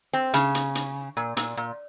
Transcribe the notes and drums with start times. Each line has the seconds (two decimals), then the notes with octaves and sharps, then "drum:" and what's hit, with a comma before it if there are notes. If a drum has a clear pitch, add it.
0.13 C4
0.34 C#3, drum: hi-hat
0.55 drum: hi-hat
0.75 drum: hi-hat
1.17 A#2
1.37 A#2, drum: hi-hat
1.57 A#2